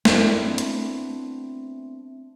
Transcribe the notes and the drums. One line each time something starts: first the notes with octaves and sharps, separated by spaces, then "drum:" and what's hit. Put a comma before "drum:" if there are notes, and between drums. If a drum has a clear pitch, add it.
A3 B3 C4 D4 E4, drum: snare
drum: hi-hat